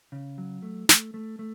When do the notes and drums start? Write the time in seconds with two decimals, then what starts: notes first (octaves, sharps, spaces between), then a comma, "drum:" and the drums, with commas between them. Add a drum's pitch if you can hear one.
0.12 C#3
0.38 F#3
0.62 A3
0.89 A3, drum: snare
1.14 A3
1.39 A3